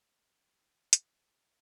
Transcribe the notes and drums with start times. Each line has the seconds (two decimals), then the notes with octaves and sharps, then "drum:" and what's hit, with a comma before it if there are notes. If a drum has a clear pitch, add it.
0.37 G#2 E3 G3 C4 G5
0.93 drum: hi-hat